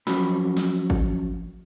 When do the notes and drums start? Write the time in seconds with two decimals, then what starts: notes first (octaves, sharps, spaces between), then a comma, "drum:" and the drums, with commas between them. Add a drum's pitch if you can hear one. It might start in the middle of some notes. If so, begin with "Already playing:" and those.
0.07 F3 F#3 C#4 F#4 B5, drum: snare
0.57 drum: snare
0.90 drum: kick G#1